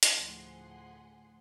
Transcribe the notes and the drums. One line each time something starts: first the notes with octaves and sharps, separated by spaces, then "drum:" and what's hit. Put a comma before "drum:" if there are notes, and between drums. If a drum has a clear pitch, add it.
drum: hi-hat
D2 A2 F3 G#4 F#5 C6